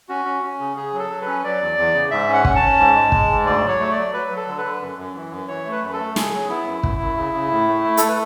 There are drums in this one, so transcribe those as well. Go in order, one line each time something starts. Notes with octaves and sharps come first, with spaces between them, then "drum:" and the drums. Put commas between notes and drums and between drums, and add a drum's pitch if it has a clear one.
C#4 F#4
C#4
C#4
C#3
C#3 G#4
F#3
A4
F#3
B4
C#4
F#3 D5
E2
E2
C#3
G#2 E5
C#4
F#5
C#4, drum: kick
A5
C#4
G#2
G#3
G#3, drum: kick
G#2
D2 D5
F#3 C#5
A3
D5
F#3
F#3 B4
F#3
A4
D3
B4
D3
F#2
F#2
E3
F#2
E3 C#5
A3
B4
F#2
A4
A3
C#3 G#4, drum: snare
F#3
B3 E4
F#2
F#2, drum: kick
F#2
C#3
C#3
A2
A3
A3
A3 A4, drum: hi-hat
B4